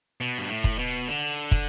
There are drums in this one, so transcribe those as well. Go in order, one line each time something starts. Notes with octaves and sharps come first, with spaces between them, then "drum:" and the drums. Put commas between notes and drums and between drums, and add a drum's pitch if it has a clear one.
B2
G2
A2
drum: kick
B2
D3
drum: kick